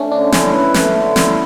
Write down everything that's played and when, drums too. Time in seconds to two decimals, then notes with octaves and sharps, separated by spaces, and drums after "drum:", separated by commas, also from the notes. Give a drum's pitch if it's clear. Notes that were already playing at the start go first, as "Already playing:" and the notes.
Already playing: A3 C#4 D4
0.12 D3 D4
0.32 C#4 E4, drum: snare
0.53 B4
0.74 A3, drum: snare
0.95 D3
1.16 E4, drum: snare